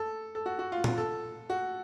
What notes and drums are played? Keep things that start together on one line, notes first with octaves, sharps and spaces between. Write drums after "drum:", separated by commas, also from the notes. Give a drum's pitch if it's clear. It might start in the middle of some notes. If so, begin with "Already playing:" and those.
Already playing: A4
A4
F#4
F#4
F4
F4, drum: tom A#2
A4
F#4